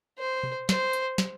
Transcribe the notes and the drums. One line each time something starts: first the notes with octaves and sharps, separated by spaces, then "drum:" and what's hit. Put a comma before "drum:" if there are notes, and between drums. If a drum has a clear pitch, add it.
C5
drum: tom B2
C5, drum: snare
drum: hi-hat
drum: snare